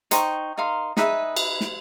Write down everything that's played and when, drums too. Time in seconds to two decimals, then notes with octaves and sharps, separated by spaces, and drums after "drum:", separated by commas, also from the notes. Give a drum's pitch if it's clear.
0.11 D#4 C5 G5 C#6, drum: hi-hat
0.58 D#4 A#4 F5 C6
0.97 D#4 G#4 B4 E5, drum: snare
1.36 drum: cymbal
1.61 drum: snare